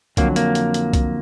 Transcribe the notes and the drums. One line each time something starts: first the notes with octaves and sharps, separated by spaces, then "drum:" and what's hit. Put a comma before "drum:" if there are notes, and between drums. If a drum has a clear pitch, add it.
F2 D3 F#3 A#3, drum: kick C2, hi-hat
A#3, drum: hi-hat
drum: hi-hat
drum: hi-hat
drum: kick C2, hi-hat